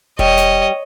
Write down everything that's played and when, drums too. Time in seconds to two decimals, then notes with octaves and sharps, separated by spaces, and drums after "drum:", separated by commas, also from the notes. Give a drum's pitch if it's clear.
0.19 G3 C#5 D#5, drum: kick E1
0.37 drum: snare